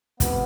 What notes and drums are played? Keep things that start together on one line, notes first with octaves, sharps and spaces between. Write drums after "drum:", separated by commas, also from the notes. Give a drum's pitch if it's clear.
D2 C3 F3 B3, drum: kick, hi-hat